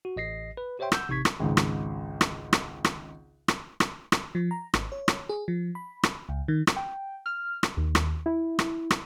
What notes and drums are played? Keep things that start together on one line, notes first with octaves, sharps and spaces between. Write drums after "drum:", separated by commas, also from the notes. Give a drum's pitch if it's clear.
F#4
A1 D#5 A#6 C7
B4
G4 C5 C#5 E5 G5 C6
F#5 E6 G6, drum: rim click
A1 C3 D#4 C#6 G#6 B6
drum: rim click
G#1 C#2 G#2
drum: rim click
drum: rim click
drum: rim click
drum: rim click
drum: rim click
drum: rim click
drum: rim click
F3
A#5
G#1, drum: rim click
C#5
drum: rim click
G#4
F3
B5
drum: rim click
C#2
D#3
drum: rim click
G5
F6
drum: rim click
D#2
drum: rim click
E4
drum: rim click
drum: rim click